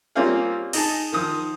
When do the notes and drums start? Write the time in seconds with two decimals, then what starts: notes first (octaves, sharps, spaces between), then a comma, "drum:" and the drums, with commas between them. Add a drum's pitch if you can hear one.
0.15 G3 A#3 C4 C#4 F4 G#4
0.73 D#4 G#4 A5, drum: cymbal
1.12 D#3 F3 D#6